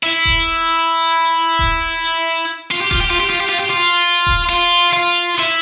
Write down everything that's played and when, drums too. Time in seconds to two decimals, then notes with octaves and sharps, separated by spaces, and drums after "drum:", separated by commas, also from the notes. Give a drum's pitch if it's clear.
0.03 E4
0.25 drum: kick D#1
1.59 drum: kick D#1
2.71 F4
2.81 G4
2.91 F4, drum: kick D#1
3.01 G4
3.10 F4
3.20 G4
3.30 F4
3.41 G4
3.49 F4
3.60 G4
3.70 F4
4.27 drum: kick D#1
4.49 F4
4.93 F4
5.39 E4